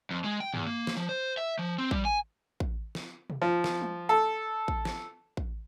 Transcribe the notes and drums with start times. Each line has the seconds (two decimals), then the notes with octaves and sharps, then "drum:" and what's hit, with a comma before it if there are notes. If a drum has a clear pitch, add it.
0.11 F2
0.24 G#3
0.40 G5
0.54 E2, drum: tom G2
0.67 A#3
0.87 drum: snare
0.97 F3
1.09 C5
1.38 E5
1.59 F3
1.78 C4
1.91 G3, drum: kick
2.05 G#5
2.60 drum: kick
2.95 drum: snare
3.30 drum: tom B2
3.42 F3
3.64 drum: snare
3.82 drum: tom G3
4.09 A4
4.68 drum: kick
4.85 drum: snare
5.37 drum: kick